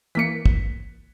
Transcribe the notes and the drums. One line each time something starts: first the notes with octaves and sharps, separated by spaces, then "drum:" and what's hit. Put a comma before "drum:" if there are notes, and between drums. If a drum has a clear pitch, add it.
E3 A#3 B6 C#7
drum: kick